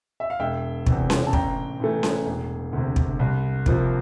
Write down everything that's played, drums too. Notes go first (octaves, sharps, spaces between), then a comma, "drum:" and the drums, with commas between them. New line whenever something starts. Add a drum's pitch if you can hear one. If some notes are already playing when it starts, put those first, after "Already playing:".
E5
F5
E1 E5 G5
E2 C3, drum: kick
drum: snare C#4
A5
A1 G5 A#5, drum: kick
A2 E3 A3
drum: snare C#4
E1
D2 C3
drum: kick
C2
C3 F3 A#3, drum: kick